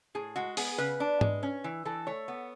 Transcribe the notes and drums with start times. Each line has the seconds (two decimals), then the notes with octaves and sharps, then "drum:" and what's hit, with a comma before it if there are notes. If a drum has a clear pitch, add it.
0.15 A2 G#4
0.36 G#3 F#4
0.57 B3 G#4, drum: open hi-hat
0.78 C#3 B4
1.00 D4
1.21 G#3, drum: tom G#2
1.43 C#4
1.64 E3
1.85 E3 A4
2.07 A3 C#5
2.28 B3